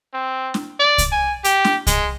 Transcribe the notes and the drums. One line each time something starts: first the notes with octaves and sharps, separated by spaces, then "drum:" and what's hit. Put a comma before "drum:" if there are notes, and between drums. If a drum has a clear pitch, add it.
C4
drum: snare
D5
drum: kick C2, hi-hat
G#5
G4, drum: hi-hat
drum: snare
G#3, drum: kick C2, hi-hat